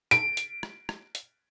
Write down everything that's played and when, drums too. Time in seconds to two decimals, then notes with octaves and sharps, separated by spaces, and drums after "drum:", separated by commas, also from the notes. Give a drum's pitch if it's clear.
0.11 D7, drum: hi-hat
0.37 drum: hi-hat
0.63 drum: rim click
0.89 drum: rim click
1.15 drum: hi-hat